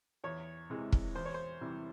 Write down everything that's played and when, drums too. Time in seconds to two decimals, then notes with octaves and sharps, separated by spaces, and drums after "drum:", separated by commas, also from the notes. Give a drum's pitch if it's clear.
0.24 E2 C#5
0.70 C3 E3 G#3
0.92 drum: kick
1.15 E2 C5
1.26 C#5
1.34 C5
1.61 C3 E3 G3